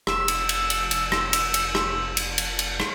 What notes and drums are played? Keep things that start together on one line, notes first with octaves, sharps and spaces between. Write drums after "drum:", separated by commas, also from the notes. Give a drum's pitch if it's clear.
F1 E6, drum: rim click
drum: cymbal
drum: cymbal
drum: cymbal
drum: cymbal
drum: rim click
drum: cymbal
drum: cymbal
drum: rim click
drum: cymbal
drum: cymbal
drum: cymbal
drum: rim click